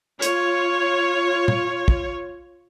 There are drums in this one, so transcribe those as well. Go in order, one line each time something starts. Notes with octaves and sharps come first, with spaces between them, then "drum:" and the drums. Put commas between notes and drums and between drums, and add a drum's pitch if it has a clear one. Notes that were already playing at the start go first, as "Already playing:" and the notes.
F4 C#5, drum: hi-hat
drum: tom
drum: kick